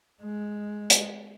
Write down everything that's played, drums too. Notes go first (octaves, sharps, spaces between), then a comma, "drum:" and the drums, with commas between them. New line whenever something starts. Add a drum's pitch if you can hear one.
G#3
drum: hi-hat